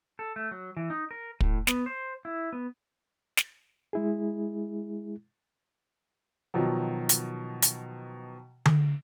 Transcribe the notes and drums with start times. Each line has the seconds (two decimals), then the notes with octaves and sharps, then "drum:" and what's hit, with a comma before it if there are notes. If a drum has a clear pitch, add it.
0.19 A4
0.36 A3
0.51 F#3
0.77 E3
0.90 D#4
1.11 A#4
1.40 A2, drum: kick
1.67 B3, drum: snare
1.86 C5
2.25 E4
2.53 B3
3.37 drum: snare
3.93 G#3 E4 G#4
6.54 B2 D#3 F3 F#3
7.09 drum: hi-hat
7.62 drum: hi-hat
8.65 drum: tom D3